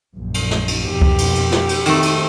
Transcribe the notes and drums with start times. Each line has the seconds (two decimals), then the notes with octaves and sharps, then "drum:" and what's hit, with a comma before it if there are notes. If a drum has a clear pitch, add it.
0.16 A#1 F#2
0.34 drum: cymbal
0.51 drum: snare
0.68 drum: cymbal
0.89 F2 B2 G4
1.02 drum: kick C#2
1.18 drum: cymbal
1.35 drum: cymbal
1.52 drum: snare
1.69 drum: cymbal
1.86 D#3 A3 C4, drum: cymbal
2.03 drum: cymbal